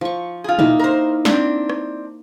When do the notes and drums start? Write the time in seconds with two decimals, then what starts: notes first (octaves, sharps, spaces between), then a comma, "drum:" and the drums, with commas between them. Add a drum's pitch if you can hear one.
0.01 F3 C#6
0.44 F4 G#4
0.59 A#3 D#4 E4, drum: tom
0.79 A#4 C5
1.25 C4 D4, drum: snare
1.69 drum: rim click